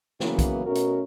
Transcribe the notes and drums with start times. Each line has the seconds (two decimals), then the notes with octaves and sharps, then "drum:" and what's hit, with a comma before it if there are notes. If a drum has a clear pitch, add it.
0.20 C#3 E3 F#3 A#3 B3 E4, drum: snare
0.39 drum: kick B1, hi-hat
0.66 B2 A3 C#4 F#4 A#4
0.75 drum: hi-hat